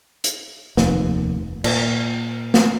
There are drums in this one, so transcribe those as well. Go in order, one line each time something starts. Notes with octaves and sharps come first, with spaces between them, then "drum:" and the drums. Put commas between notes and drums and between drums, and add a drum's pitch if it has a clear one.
drum: hi-hat
F1 D#2, drum: snare
A#2, drum: cymbal
drum: snare